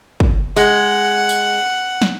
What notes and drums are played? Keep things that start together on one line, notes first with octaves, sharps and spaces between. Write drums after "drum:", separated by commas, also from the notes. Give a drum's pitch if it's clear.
drum: kick
G#3 F#5, drum: tambourine
drum: tambourine
drum: snare